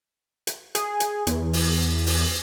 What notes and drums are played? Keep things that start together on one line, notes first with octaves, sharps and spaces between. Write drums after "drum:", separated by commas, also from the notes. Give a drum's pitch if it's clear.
drum: hi-hat
G#4, drum: hi-hat
drum: hi-hat
E2, drum: hi-hat
drum: open hi-hat
drum: open hi-hat